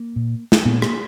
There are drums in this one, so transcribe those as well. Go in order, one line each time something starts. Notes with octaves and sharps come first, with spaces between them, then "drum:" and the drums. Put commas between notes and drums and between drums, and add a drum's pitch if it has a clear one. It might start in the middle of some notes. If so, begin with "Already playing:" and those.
Already playing: A#3
A#2
drum: snare
A#2 B3
A#3, drum: rim click